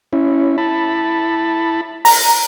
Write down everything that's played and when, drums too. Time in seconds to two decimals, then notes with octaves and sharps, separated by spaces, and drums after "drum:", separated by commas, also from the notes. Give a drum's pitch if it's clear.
0.13 C#4 E4
0.58 E4 A5 B5
2.05 A#5, drum: open hi-hat